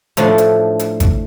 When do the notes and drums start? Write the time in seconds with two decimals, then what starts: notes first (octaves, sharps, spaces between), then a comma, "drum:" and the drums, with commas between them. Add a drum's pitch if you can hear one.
0.17 A2 F3 A3 D4, drum: hi-hat
0.38 drum: hi-hat
0.79 drum: hi-hat
1.00 drum: kick G#1, hi-hat